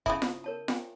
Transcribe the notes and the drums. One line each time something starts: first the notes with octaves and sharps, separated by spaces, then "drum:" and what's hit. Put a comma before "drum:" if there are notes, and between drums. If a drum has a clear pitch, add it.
C#3 E4 E5 A5 D#6, drum: kick
drum: snare F4
A#4 C#5 A5
G5 G#5, drum: snare F4